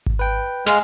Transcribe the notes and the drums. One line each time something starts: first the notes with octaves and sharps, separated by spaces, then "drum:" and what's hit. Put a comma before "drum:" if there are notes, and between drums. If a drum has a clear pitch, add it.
drum: kick G#1
B4 G5
G#3 F5 F6, drum: snare